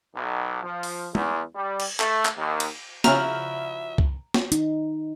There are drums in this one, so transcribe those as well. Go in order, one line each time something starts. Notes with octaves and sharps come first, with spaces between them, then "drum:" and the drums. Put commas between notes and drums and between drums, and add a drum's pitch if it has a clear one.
B1
F3
drum: open hi-hat
E2, drum: tom
G3
drum: cymbal
A3, drum: clap
drum: clap
D#2
drum: cymbal
C#3 F3 E4 F#4 E5 A#5 F6, drum: snare
drum: kick C2
drum: snare
D#4, drum: hi-hat